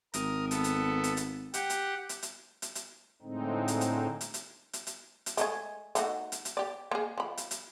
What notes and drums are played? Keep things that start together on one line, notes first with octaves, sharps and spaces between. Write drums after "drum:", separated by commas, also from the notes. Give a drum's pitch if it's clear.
G#1 A#4 D#6, drum: hi-hat
B3 A4, drum: hi-hat
drum: hi-hat
drum: hi-hat
drum: hi-hat
G4 F#5, drum: hi-hat
drum: hi-hat
drum: hi-hat
drum: hi-hat
drum: hi-hat
drum: hi-hat
A2 D3 G#3 C4 D#4
drum: hi-hat
drum: hi-hat
drum: hi-hat
drum: hi-hat
drum: hi-hat
drum: hi-hat
drum: hi-hat
G#3 A3 G#4, drum: hi-hat
A3 D#4 F#4, drum: hi-hat
drum: hi-hat
drum: hi-hat
G4 D5
A#3 G#4
F3 B5
drum: hi-hat
drum: hi-hat